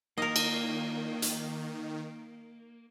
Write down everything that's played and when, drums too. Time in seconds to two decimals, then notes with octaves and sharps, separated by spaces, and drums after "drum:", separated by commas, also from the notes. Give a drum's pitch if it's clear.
0.18 D#3 A#3 A#4 D#5
0.36 drum: cymbal
1.22 drum: hi-hat